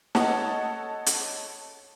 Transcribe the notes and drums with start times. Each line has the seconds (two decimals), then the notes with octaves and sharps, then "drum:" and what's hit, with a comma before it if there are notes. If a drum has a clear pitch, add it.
0.15 A4 C#5 D#5 F#5 A5, drum: snare
1.06 drum: hi-hat